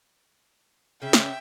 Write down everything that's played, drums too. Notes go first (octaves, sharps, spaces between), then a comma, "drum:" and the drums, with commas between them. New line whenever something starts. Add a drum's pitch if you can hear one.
C#3 C#4 E5 G5
drum: snare